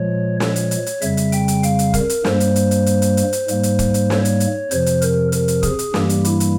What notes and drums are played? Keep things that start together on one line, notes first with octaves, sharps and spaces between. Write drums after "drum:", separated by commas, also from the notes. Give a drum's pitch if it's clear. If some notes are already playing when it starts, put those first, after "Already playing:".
Already playing: A#2 F3 G#3 C#5
C#5, drum: snare
drum: hi-hat
drum: hi-hat
drum: hi-hat
F2 C#3 G3 E5, drum: hi-hat
drum: hi-hat
G5, drum: hi-hat
drum: hi-hat
F5, drum: hi-hat
drum: hi-hat
A#4, drum: kick, hi-hat
drum: hi-hat
G2 G3 A#3 C5, drum: snare
drum: hi-hat
drum: hi-hat
drum: hi-hat
drum: hi-hat
drum: hi-hat
drum: hi-hat
drum: hi-hat
G#2 G3 A#3, drum: hi-hat
drum: hi-hat
drum: kick, hi-hat
drum: hi-hat
C#5, drum: snare
drum: hi-hat
drum: hi-hat
F2 C3 F3 C5, drum: hi-hat
drum: hi-hat
A#4, drum: hi-hat
A#4, drum: hi-hat
drum: hi-hat
G#4, drum: kick, hi-hat
drum: hi-hat
G2 E3 G3 A#3 G4, drum: snare
drum: hi-hat
E4, drum: hi-hat
drum: hi-hat